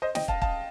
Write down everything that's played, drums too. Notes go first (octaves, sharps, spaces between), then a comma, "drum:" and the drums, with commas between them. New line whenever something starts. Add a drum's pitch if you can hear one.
C5 D#5
D#5 G5, drum: snare
F5 A5, drum: kick
F5 A5, drum: kick